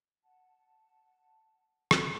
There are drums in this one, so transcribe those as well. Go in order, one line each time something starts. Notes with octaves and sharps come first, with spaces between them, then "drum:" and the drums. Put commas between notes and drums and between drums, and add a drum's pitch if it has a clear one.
F#5 A5
drum: rim click